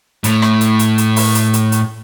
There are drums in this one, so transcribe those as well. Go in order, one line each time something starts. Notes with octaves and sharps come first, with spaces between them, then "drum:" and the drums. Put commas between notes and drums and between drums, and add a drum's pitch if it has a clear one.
A2, drum: hi-hat
drum: rim click
drum: hi-hat
drum: hi-hat
drum: hi-hat
drum: open hi-hat
drum: hi-hat
drum: hi-hat
drum: hi-hat